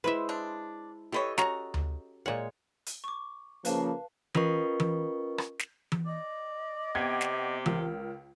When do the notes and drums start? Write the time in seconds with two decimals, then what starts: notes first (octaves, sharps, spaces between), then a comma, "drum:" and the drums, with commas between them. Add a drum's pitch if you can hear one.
0.04 G#3 E4 B4 C5 E5
0.29 D4
1.12 E3 G4 A4 B4 C#5 D#5
1.38 C#4 F#4 A#5, drum: snare
1.74 drum: tom D2
2.26 A#2 G#3 C#5 F#5
2.86 drum: hi-hat
3.04 C#6 D6
3.65 C#3 F3 A#3 B4 F5 A5, drum: hi-hat
4.35 C#4 F4 A#4 B4 D#5 C#6, drum: tom E3
4.80 drum: tom E3
5.38 drum: rim click
5.59 drum: snare
5.92 drum: tom E3
6.07 D5 D#5
6.95 C3 B3 G5 G#6
7.21 drum: snare
7.66 C#2 A#4, drum: tom E3